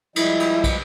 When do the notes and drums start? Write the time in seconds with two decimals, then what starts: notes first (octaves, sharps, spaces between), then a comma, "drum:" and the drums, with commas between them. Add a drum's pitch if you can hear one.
0.16 F3 G3 G#3 E4, drum: cymbal
0.40 drum: cymbal
0.64 drum: kick, cymbal